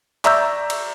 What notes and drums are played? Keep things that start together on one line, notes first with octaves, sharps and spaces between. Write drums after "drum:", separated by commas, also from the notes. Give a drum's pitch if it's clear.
D5 E5 A#5 C#6 E6 G6, drum: clap
drum: cymbal